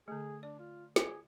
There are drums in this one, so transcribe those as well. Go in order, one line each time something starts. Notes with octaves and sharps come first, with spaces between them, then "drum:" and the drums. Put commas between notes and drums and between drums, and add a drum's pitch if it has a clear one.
D3 A3 G#4
D4 D5
F4
G#4, drum: snare